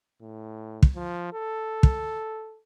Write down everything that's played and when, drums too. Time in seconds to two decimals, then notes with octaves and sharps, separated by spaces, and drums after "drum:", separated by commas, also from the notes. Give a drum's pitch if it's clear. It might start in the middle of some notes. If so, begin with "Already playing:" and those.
0.22 A2
0.83 drum: kick
0.96 F3
1.33 A4
1.83 drum: kick